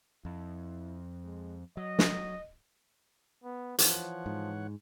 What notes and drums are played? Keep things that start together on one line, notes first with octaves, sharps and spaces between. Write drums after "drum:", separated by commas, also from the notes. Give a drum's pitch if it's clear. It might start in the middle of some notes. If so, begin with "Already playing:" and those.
F2 E4
G#3
F#3 D#5
drum: snare
B3
E3 F3 C#5 F#5, drum: hi-hat
G#2